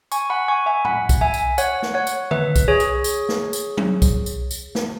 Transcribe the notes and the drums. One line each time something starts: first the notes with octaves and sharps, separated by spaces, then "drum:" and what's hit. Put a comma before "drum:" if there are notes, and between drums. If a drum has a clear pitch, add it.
G#5 C#6, drum: tambourine
F#5 B5
G#5 C#6
E5 G#5
F#5 B5, drum: tom
drum: kick B1, tambourine
E5 G#5
drum: tambourine
C#5 F#5, drum: tambourine
drum: snare
C#5 F#5
drum: tambourine
B4 E5, drum: tom D3
drum: kick B1, tambourine
G#4 C#5
drum: tambourine
drum: tambourine
drum: snare
drum: tambourine
drum: tom F#3
drum: kick B1, tambourine
drum: tambourine
drum: tambourine
drum: snare